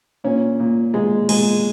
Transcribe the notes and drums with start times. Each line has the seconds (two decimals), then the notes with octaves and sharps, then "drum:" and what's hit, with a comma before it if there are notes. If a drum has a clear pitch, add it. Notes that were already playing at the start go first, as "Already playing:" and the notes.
0.24 A#2 C#4
0.60 A#2
0.94 A#2 G#3
1.29 A#2 G#3, drum: cymbal